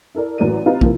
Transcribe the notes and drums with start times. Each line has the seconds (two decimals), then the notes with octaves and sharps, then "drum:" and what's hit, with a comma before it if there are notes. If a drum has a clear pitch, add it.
0.15 E4 A4 A#4 D5
0.38 A1 F#3 D5 D#7
0.66 C4 F4 G4 B4 D#5 A#5
0.81 C3 F3 A#3 E4, drum: kick